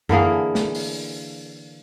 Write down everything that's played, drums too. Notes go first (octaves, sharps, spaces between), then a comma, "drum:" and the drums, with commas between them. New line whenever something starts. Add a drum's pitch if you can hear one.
D3 E3 A#3 G#4, drum: tom F#2
drum: snare
drum: open hi-hat